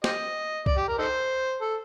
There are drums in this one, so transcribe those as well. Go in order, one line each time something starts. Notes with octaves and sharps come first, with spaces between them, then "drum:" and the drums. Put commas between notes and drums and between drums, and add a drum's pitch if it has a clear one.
G4 C5 D#5, drum: snare
D5, drum: kick C2
G4
A#4
D#4 A4 C5
A4